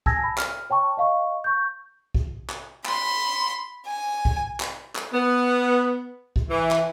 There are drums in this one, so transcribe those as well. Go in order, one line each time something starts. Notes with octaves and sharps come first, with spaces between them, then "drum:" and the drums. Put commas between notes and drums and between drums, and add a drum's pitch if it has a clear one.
G#5 A5 E6 G#6 A#6, drum: kick B1
B5
F6, drum: clap
C#5 G5 A5 C#6
D#5 F5 C#6
C#6 G6
drum: kick B1
drum: clap
B5 C6, drum: clap
G#5
drum: kick B1
drum: clap
drum: clap
B3
drum: kick B1
E3
drum: clap